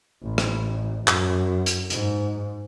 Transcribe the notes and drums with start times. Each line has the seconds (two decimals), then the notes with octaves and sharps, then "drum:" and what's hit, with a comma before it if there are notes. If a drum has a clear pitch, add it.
0.23 A1
0.38 drum: rim click
1.08 F#2, drum: clap
1.66 drum: hi-hat
1.90 G#2, drum: hi-hat